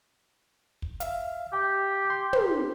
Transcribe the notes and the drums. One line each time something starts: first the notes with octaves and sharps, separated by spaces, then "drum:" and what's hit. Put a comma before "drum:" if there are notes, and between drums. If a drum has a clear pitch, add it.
drum: kick
E5 F5, drum: hi-hat
G4 G5
C6
drum: tom